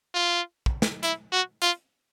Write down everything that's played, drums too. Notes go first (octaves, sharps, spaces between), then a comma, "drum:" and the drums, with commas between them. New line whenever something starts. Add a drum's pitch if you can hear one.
F4
drum: kick
drum: snare
E4, drum: hi-hat
F#4
F4, drum: hi-hat